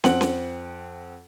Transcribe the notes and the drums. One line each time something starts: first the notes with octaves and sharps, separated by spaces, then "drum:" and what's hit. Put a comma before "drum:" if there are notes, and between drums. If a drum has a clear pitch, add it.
F2 C4 F#5 F#7, drum: snare
drum: snare